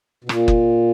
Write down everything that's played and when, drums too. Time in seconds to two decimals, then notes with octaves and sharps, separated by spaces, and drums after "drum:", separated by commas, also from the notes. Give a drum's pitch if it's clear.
0.24 B2
0.29 A#2, drum: rim click
0.48 drum: kick F#1